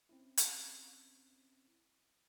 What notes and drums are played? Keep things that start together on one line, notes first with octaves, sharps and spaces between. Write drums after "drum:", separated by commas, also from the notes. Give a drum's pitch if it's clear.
C4 C#4 E4
drum: hi-hat